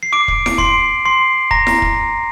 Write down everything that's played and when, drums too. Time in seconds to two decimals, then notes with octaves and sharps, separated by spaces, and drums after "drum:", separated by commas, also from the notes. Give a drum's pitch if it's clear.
0.03 C7
0.13 D6 D7
0.28 drum: kick
0.46 D7, drum: snare E4
0.58 C6 C7, drum: kick
1.05 C6 C7
1.51 A#5 A#6, drum: kick
1.67 drum: snare E4
1.82 drum: kick